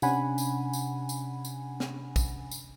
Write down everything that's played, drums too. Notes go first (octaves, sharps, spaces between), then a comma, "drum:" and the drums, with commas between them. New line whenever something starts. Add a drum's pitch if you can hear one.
C3 C#4 D4 F#5 G#5 B5, drum: tambourine
drum: tambourine
drum: tambourine
drum: tambourine
drum: tambourine
drum: snare
drum: kick, tambourine
drum: tambourine